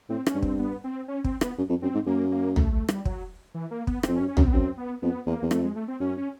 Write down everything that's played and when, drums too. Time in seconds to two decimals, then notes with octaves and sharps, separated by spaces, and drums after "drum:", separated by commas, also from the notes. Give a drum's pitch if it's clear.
0.09 A2 C4
0.27 C#4, drum: rim click
0.35 G2
0.42 C4, drum: kick
0.59 B3
0.84 C4
1.08 C#4
1.24 C4, drum: kick
1.41 B3, drum: rim click
1.58 F#2
1.70 F2
1.82 F#2 C4
1.94 G#2
2.06 F#2 A#3
2.32 A#3
2.56 A3, drum: tom
2.72 A3
2.89 G3, drum: rim click
3.05 F#3, drum: kick
3.54 E3
3.71 A#3
3.87 B3, drum: kick
4.03 C4, drum: rim click
4.08 F2
4.16 C#4
4.20 F#2
4.28 C#4
4.37 F#2, drum: tom
4.41 C4
4.47 B3
4.53 F#2 C4
4.78 B3
5.02 F2 B3
5.26 E2 A#3
5.42 E2
5.51 F2 A3, drum: rim click
5.64 G#3
5.76 A3
5.88 C4
6.00 F#2 C#4
6.17 C#4